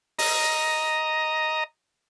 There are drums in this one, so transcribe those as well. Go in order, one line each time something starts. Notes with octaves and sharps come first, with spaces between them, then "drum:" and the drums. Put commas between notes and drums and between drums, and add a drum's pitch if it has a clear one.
D#5 A#5, drum: open hi-hat